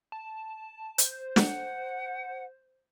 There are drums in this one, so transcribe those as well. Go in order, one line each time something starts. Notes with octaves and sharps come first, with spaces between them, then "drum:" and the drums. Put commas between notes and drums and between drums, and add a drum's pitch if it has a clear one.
A5
C5, drum: hi-hat
F#5, drum: snare